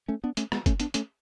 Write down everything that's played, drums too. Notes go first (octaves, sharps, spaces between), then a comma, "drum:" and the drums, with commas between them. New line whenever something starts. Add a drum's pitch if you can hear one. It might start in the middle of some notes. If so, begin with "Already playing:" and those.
A3 C#4
B3 D4
A3 C#4, drum: hi-hat
G#3 B3, drum: rim click
A3 C#4, drum: kick, hi-hat
B3 D4, drum: hi-hat
A3 C#4, drum: hi-hat